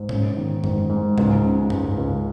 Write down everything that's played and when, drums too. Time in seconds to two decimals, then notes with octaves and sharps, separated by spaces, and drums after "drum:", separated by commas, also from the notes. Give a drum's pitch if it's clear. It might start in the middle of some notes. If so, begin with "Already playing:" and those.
Already playing: G#2
0.09 C#4, drum: tom G#2
0.37 D#3
0.64 G#2, drum: tom F#2
0.90 G#2
1.18 C#2, drum: tom G#2
1.44 C#3
1.70 C#2, drum: tom F#2
1.98 C#2